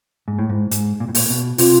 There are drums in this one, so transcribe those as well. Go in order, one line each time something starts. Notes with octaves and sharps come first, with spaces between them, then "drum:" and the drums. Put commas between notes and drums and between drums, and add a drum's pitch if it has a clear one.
G#2
A2
G#2
G#2, drum: hi-hat
A#2
A2
A#2, drum: open hi-hat
B2
C3 F4, drum: open hi-hat